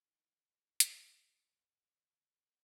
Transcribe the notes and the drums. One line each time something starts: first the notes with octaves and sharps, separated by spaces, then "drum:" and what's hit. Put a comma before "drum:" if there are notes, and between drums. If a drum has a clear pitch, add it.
D#4 E4 G#4 A4 C5 D5
C#4 D4 F#4 G4 D5 D#5, drum: hi-hat
E2 C#5 F5 C6 A#6
C3 D#3 C4
G4